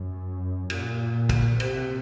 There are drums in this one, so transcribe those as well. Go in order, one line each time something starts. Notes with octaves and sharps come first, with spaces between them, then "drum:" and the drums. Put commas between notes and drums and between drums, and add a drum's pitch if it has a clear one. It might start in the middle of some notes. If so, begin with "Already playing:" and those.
Already playing: F#2
A#2, drum: cymbal
drum: kick, cymbal
C3, drum: cymbal